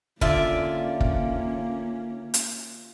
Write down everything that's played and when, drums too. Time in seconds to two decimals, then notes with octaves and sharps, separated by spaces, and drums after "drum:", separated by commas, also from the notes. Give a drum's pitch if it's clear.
0.21 D3 A#3 C#4 F4 D5 E5, drum: kick
1.00 drum: kick
2.34 drum: hi-hat